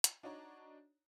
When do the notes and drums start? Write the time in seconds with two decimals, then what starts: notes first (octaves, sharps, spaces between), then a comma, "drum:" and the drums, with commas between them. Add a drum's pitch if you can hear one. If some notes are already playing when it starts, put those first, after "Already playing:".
0.04 drum: hi-hat
0.23 D4 D#4 F#4 C#5 D5 A#5